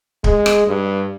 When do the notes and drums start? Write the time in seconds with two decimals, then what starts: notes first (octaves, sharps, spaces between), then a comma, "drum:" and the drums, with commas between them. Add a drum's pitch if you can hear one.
0.24 G#3, drum: kick D1
0.46 drum: rim click
0.66 G2